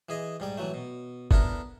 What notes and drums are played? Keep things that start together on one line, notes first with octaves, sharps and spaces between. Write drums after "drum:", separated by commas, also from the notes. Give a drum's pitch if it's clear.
E3 G#4 D#5
G#2 G3 D5
E3 F#3 A3
B2
B3 D4 E4 A4 A#4, drum: kick